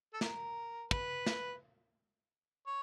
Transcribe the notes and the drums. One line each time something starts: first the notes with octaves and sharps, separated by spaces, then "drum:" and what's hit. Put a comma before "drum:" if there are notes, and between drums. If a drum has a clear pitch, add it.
A4
A#4, drum: snare
B4, drum: kick
drum: snare
C#5